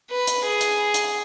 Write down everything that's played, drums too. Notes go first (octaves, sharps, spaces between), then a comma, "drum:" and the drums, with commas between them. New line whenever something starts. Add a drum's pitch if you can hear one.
B4
drum: hi-hat
G#4
drum: hi-hat
drum: hi-hat